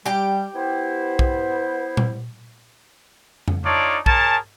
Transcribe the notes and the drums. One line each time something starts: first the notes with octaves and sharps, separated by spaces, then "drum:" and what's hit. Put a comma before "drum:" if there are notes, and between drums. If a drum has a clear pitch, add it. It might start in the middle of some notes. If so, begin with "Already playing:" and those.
G3 G4 G5
B3 E4 C5
drum: kick B1
drum: tom A#2
drum: tom F2
D4 D#4 F4 A4 C#5 D5
G#4 A#4 C#5 G#5 A5, drum: kick B1